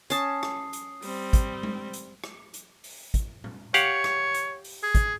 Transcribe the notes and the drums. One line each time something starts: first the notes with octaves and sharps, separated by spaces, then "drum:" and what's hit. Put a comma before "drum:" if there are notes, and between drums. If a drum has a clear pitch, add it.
C#4 A5 D#6 C7, drum: hi-hat
drum: rim click
drum: hi-hat
G3 C4, drum: open hi-hat
drum: kick, hi-hat
drum: tom G#3
drum: hi-hat
drum: rim click
drum: hi-hat
drum: open hi-hat
drum: kick, hi-hat
drum: tom
G4 C#5 F5 F#5, drum: hi-hat
drum: rim click
drum: hi-hat
drum: open hi-hat
G#4
drum: kick, hi-hat